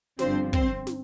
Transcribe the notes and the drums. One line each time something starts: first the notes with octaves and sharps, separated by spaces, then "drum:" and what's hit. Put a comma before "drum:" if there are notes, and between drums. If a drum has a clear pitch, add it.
G1 G2 D3 F3 C4 C5, drum: snare
C4 C5, drum: kick
drum: snare